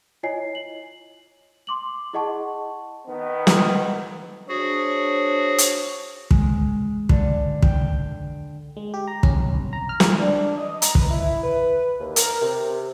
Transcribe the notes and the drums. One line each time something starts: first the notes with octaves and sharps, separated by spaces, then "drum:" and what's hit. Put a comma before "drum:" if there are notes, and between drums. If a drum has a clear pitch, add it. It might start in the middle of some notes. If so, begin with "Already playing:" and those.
E4 F4 C#5 D#5 G#5 C7
F#7
C6 D6 F#7
E4 G#4 D#5 F#5 A5 C#6
D#3 B3
drum: snare
D4 F#4 G#4 C5 C#5
drum: hi-hat
G#3, drum: kick
D3, drum: kick
G5, drum: kick
G#3
G4
A#5
C#4, drum: kick
B1
C2
A#5
F6
drum: snare
D4
D#5
A#5, drum: hi-hat
B4, drum: kick
E4
B4
D#2
A#4, drum: hi-hat
C3